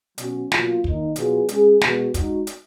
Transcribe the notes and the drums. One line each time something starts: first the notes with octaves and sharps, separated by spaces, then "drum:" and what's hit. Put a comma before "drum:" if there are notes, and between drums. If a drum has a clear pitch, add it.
B2 F#3 C#4 F#4, drum: hi-hat
B2 F#3 A#3 F4, drum: snare
D#3 A#3 D#4, drum: kick
B2 F#3 B3 F4 G#4, drum: hi-hat
G#3 C#4 G#4, drum: hi-hat
B2 G#3 B3 F#4, drum: snare
G#3 D#4 F#4, drum: kick, hi-hat
drum: hi-hat